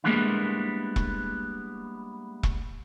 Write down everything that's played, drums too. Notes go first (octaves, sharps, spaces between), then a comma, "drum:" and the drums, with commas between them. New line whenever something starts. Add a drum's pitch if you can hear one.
G3 G#3 A#3 B3 D4 E4
drum: kick E1
drum: kick E1